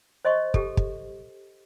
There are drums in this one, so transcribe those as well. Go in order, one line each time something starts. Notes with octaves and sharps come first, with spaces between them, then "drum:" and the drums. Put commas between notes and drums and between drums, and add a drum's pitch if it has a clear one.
C5 D#5 C6 C#6
G4 A4, drum: kick
drum: kick